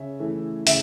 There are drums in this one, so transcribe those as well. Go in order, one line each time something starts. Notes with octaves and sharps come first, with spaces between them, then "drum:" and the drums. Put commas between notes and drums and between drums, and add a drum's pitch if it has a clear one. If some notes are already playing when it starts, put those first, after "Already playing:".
Already playing: C#3 C#5 E5
E3 A3
C#3 E5, drum: hi-hat